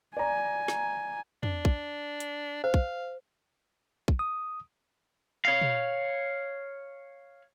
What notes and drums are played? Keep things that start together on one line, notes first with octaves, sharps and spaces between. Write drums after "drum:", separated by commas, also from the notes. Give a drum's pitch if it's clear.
D5 G#5 A#5
drum: snare
D4, drum: tom
drum: kick
drum: hi-hat
C5 F5
drum: kick
drum: kick
D#6
C#5 F5
drum: tom